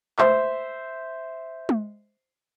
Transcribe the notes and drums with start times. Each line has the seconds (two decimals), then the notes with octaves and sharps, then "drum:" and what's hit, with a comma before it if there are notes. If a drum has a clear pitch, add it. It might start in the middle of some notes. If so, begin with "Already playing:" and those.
0.19 C5 E5, drum: clap
1.69 drum: tom G#3